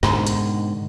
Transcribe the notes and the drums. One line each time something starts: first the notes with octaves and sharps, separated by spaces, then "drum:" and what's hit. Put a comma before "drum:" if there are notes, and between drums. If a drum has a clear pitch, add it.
G#2 B2 D3 D#3, drum: snare
drum: hi-hat